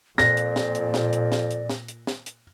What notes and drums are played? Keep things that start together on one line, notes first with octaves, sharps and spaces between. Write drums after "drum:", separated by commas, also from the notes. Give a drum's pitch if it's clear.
F2 A#2 D5 A#6, drum: snare
drum: hi-hat
drum: snare
drum: hi-hat
drum: snare
drum: hi-hat
drum: snare
drum: hi-hat
drum: snare
drum: hi-hat
drum: snare
drum: hi-hat